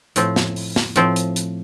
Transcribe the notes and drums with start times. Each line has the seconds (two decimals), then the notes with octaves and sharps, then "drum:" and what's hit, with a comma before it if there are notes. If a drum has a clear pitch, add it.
0.16 A2 F3 C4, drum: hi-hat
0.36 drum: snare
0.56 drum: open hi-hat
0.76 drum: snare
0.96 A2 F3 C4, drum: hi-hat
1.16 drum: hi-hat
1.36 drum: hi-hat